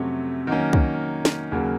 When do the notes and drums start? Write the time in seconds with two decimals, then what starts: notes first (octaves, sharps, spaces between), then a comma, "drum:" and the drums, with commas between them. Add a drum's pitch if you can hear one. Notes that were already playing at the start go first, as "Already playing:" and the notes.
Already playing: F2 C3 F#3 A3 C#4
0.47 D#3 F#3 A#3 C#4
0.73 drum: kick
1.25 drum: snare
1.51 D#2 C#3 F#3 A#3